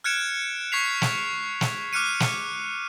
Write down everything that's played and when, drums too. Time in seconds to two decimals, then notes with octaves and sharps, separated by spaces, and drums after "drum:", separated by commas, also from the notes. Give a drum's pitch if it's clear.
0.04 F6 F#6 G#6 C#7 D7 E7
0.72 C#6 G#6 B6 C7 F7
1.02 drum: snare
1.61 drum: snare
1.93 D6 F6 F#6 C#7 D#7
2.20 drum: snare